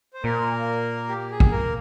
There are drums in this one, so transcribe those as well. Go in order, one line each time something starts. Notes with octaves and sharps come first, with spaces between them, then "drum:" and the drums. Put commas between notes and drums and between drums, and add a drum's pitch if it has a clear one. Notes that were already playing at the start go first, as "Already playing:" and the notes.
C5
A#2 A#3 A#4
G4
G#4
drum: kick
A#3 A#4